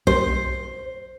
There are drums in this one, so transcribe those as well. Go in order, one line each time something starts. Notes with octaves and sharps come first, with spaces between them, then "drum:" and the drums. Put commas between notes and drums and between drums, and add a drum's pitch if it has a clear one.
C5, drum: tom B1